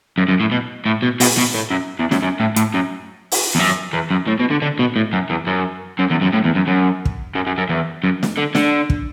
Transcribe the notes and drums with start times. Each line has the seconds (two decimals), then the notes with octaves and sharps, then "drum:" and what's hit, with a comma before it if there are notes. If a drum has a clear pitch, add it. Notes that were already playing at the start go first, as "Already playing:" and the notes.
0.18 F#2
0.28 F#2
0.40 A2
0.52 B2
0.86 A2
1.02 B2
1.20 B2, drum: open hi-hat
1.38 B2
1.55 A2
1.71 F#2
2.00 E2
2.11 F#2, drum: snare
2.23 F#2
2.40 A2
2.56 A2, drum: hi-hat
2.74 F#2
3.32 drum: open hi-hat
3.55 E2
3.59 F#2
3.93 E2
4.11 F#2
4.27 A2
4.40 B2
4.50 D3
4.62 D3
4.79 B2
4.96 A2
5.13 F#2
5.30 E2
5.47 F#2
5.99 F#2
6.10 E2
6.21 F#2
6.33 A2
6.44 E2
6.55 F#2
6.67 F#2
7.05 drum: kick
7.35 F#2
7.47 F#2
7.58 F#2
7.70 E2
8.04 F#2
8.23 drum: snare
8.37 D3
8.55 D3, drum: snare
8.90 drum: kick